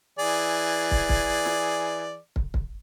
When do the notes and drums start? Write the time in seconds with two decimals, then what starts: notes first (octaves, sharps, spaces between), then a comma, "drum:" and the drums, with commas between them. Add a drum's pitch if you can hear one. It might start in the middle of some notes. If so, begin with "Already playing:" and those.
0.19 E3 G#4 D5
0.91 drum: kick
1.09 drum: kick
1.46 drum: snare
2.36 drum: kick
2.54 drum: kick